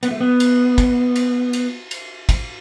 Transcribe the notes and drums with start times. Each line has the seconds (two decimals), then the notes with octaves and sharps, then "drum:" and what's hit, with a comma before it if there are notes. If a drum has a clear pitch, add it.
0.03 B3, drum: cymbal
0.11 A3
0.20 B3
0.40 drum: cymbal
0.78 drum: kick, cymbal
1.16 drum: cymbal
1.53 drum: cymbal
1.91 drum: cymbal
2.29 drum: kick, cymbal